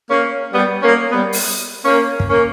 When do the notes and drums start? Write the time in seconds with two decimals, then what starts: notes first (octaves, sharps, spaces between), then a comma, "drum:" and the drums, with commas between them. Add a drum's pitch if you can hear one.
0.10 A#3 C#4
0.53 G3 B3
0.82 A#3 C#4
1.12 G3 B3
1.33 drum: open hi-hat
1.85 A#3 C#4
2.20 drum: kick
2.29 A#3 C#4